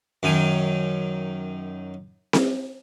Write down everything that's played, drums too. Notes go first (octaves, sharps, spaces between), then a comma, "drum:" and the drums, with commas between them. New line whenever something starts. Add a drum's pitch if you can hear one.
F#2 D#3 G#5
drum: snare C4